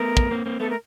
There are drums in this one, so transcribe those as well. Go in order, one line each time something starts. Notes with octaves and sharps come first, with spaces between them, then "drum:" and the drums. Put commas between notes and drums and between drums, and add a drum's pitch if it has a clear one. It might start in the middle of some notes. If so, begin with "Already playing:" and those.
Already playing: A3 B3 A#4
drum: kick
A#3 C4
A#3 C4
A3 B3 A4
A#4